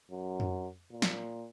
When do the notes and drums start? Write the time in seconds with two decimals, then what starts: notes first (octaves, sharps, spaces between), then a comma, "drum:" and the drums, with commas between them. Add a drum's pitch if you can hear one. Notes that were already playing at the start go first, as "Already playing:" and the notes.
0.11 F#2
0.40 drum: tom F2
0.91 A#2
1.02 drum: snare